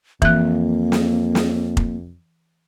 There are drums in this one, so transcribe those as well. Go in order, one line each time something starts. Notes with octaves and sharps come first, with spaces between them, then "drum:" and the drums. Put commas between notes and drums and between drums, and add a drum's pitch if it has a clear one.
F2 E3 A#3 F#6, drum: kick F1
drum: snare
drum: snare
drum: kick F1